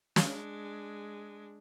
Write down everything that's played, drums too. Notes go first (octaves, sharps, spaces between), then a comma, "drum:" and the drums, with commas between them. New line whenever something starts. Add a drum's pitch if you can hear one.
G#3 D4, drum: snare